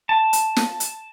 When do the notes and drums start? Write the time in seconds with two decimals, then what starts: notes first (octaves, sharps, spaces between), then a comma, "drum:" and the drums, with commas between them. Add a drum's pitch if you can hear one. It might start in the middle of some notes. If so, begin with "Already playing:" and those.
0.09 A5
0.33 drum: hi-hat
0.56 drum: snare
0.80 drum: hi-hat